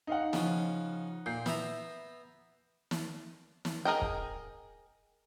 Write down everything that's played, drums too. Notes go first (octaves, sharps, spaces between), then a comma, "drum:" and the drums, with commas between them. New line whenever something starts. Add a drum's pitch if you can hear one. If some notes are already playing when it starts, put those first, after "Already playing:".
D#4 F5 F#5
C#3 F3, drum: snare
A#2 G6 C7
B3 E5 A#5, drum: snare
drum: snare
drum: snare
G#4 A#4 D#5 G5
drum: kick